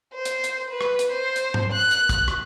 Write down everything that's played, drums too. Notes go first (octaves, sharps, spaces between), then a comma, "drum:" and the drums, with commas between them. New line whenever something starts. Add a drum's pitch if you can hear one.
C5
drum: hi-hat
drum: hi-hat
B4
drum: rim click
drum: hi-hat
C5
drum: hi-hat
drum: tom G#2
F#6
drum: hi-hat
drum: kick, hi-hat
drum: rim click